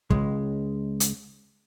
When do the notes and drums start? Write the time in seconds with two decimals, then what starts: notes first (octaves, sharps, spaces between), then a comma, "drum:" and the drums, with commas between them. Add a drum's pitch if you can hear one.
0.10 C#2 G#3, drum: kick
1.00 drum: hi-hat